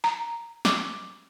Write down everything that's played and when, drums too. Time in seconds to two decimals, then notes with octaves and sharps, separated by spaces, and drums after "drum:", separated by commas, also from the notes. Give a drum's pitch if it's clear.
0.04 A#5
0.65 D6, drum: snare